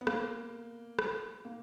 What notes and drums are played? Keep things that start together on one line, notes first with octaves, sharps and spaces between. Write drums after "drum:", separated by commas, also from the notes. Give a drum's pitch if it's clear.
B3
A#3, drum: rim click
drum: rim click
A#3